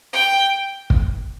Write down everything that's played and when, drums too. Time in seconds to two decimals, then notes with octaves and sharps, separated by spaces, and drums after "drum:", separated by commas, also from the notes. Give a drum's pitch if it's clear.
0.13 G5
0.90 drum: kick